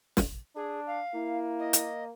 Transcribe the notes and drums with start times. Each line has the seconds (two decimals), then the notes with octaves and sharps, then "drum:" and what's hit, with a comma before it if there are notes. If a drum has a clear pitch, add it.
0.17 drum: snare
0.56 D4 G#4
0.86 F5
1.15 A#3 E4
1.59 D#5
1.73 drum: hi-hat